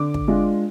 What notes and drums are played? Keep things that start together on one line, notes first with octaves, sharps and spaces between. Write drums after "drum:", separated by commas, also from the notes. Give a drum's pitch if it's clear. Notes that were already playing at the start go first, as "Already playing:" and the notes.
Already playing: D3 D6
drum: kick
G#3 D4 F4